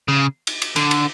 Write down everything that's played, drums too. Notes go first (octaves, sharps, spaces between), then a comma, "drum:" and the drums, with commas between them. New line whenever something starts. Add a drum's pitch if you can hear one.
C#3
drum: cymbal
drum: cymbal
D3, drum: cymbal
drum: cymbal